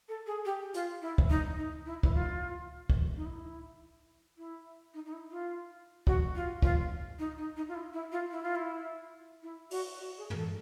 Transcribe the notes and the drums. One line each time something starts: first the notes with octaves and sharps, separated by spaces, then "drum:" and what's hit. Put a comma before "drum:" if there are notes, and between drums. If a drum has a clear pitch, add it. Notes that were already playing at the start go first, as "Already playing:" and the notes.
A4
G#4
G4
F4, drum: hi-hat
E4
drum: kick
D#4
D#4
E4
E4, drum: kick
F4
drum: kick
D#4
E4
E4
D#4
D#4
E4
F4
F#4, drum: kick
F4
F4, drum: kick
D#4
D#4
D#4
F4
E4
E4
F4
E4
F4
E4
E4
F#4, drum: open hi-hat
F#4
G#4
A#4, drum: tom
A4